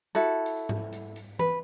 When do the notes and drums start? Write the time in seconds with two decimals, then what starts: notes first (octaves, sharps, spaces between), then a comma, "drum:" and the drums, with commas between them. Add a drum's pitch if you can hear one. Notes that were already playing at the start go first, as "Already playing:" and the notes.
0.15 E4 F#4 A4
0.46 drum: hi-hat
0.69 drum: tom G#2
0.93 drum: hi-hat
1.16 drum: hi-hat
1.39 B4, drum: tom E3